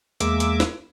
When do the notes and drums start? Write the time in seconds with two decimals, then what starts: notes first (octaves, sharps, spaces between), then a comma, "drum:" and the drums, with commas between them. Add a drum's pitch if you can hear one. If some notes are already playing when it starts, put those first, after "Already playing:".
0.21 E2 G#3 A#3 E5 D6, drum: hi-hat
0.40 drum: hi-hat
0.60 drum: snare